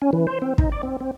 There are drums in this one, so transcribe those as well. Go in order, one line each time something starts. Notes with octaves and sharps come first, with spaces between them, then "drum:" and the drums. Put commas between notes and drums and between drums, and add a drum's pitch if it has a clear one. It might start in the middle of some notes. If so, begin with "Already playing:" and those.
C#4
E3
C5
C4
D#4, drum: kick
D5
C4
C4